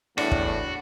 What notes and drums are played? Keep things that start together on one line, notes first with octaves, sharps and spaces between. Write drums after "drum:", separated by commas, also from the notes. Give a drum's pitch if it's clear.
E2 A2 D4 F#4, drum: rim click
drum: kick